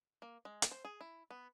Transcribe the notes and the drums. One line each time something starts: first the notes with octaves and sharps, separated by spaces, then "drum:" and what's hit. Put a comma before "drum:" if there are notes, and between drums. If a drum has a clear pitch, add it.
A#3
G#3
drum: hi-hat
C5
G#4
E4
B3